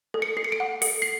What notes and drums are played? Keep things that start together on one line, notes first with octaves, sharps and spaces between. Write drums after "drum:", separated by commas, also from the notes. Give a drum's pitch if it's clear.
A4
C#7
A4 C7
C#7
D7
F#5
A4 C#7, drum: open hi-hat
C7